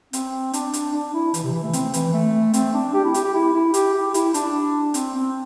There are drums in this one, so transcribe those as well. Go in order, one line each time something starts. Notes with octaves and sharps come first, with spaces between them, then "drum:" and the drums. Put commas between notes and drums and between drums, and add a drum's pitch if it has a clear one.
C4, drum: hi-hat
D4, drum: hi-hat
drum: hi-hat
D4
E4
E3, drum: hi-hat
C3
E3
A3
C4, drum: hi-hat
E3, drum: hi-hat
A3
C4, drum: hi-hat
D4
G4
E4
G4, drum: hi-hat
G4
E4
E4
G4, drum: hi-hat
G4
E4, drum: hi-hat
D4, drum: hi-hat
C4, drum: hi-hat
C4